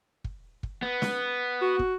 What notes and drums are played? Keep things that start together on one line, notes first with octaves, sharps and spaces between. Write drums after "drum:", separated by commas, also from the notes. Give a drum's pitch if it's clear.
drum: kick
drum: kick
B3
drum: snare
F#4
drum: kick